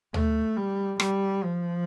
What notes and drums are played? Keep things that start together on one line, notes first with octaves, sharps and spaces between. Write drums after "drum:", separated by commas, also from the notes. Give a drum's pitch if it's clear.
A3, drum: tom
G3
G3, drum: rim click
F3